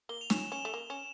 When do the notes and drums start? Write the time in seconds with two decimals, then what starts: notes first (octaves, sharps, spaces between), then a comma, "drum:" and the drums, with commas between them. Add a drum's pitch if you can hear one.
0.09 A#3 G7
0.21 F7
0.30 C#4 E7, drum: snare
0.52 C#4 E7
0.65 A3
0.74 A#3
0.90 C#4